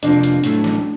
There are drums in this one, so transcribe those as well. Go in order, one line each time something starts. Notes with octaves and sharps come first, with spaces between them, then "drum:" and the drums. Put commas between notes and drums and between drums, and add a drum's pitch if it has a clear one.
F2 C3 F3 A#3 D4, drum: hi-hat
drum: hi-hat
A2 F#3 A3, drum: hi-hat
drum: snare